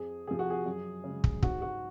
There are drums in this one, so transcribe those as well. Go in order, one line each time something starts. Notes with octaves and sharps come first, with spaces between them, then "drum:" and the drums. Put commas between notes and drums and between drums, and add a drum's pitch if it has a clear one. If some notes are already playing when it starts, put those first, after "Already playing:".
Already playing: F2 G#4
C3 F3 G#4
F#4
G#4
F#2
C#3 G#3
drum: kick
G#2 F#4, drum: kick
F#4